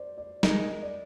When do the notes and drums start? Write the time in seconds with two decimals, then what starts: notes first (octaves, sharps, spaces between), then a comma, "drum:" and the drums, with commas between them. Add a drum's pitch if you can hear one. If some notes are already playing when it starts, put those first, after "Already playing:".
Already playing: C5 D5
0.18 D5
0.43 G#3 D#4 A#4 D#5, drum: snare
0.82 D5